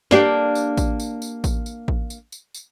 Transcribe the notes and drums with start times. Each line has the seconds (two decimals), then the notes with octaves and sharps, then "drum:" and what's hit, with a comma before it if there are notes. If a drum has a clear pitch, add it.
0.11 A#3 D4 G4, drum: snare
0.55 drum: tambourine
0.77 drum: kick A1, tambourine
1.00 drum: tambourine
1.22 drum: tambourine
1.44 drum: kick A1, tambourine
1.66 drum: tambourine
1.88 drum: kick A1
2.10 drum: tambourine
2.32 drum: tambourine
2.54 drum: tambourine